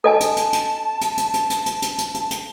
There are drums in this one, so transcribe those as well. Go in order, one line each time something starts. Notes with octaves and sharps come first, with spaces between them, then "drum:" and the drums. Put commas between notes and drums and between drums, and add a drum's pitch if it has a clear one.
A4 D#5 G#5 A5
drum: hi-hat
drum: hi-hat
drum: hi-hat
drum: hi-hat
drum: hi-hat
drum: hi-hat
drum: hi-hat
drum: hi-hat
drum: hi-hat
drum: hi-hat
drum: hi-hat
drum: hi-hat